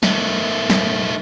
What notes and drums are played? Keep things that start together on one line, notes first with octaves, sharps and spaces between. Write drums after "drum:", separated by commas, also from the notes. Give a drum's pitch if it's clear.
D#3 A3, drum: snare
drum: snare